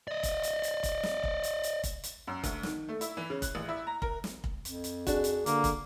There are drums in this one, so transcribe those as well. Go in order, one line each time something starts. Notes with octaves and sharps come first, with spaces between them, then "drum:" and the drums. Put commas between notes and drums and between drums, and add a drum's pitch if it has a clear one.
D5 D#5
drum: kick, hi-hat
drum: hi-hat
drum: hi-hat
drum: kick, hi-hat
drum: snare
drum: kick
drum: hi-hat
drum: hi-hat
drum: kick, hi-hat
drum: hi-hat
F#2
D2, drum: kick, hi-hat
D#3, drum: snare
A3
E4, drum: hi-hat
E3
C#3
F#6, drum: kick, hi-hat
A1
E4
A#5
A#4, drum: kick
drum: snare
drum: kick
F2, drum: hi-hat
drum: hi-hat
D4 F#4 G#4, drum: kick, hi-hat
drum: hi-hat
D3 A#3, drum: hi-hat
drum: kick, hi-hat